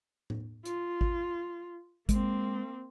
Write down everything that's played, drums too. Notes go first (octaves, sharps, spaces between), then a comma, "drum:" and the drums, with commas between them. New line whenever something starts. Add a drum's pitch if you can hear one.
drum: tom A2
F4, drum: hi-hat
drum: kick G#1
G#3 A#3 C4, drum: kick G#1, hi-hat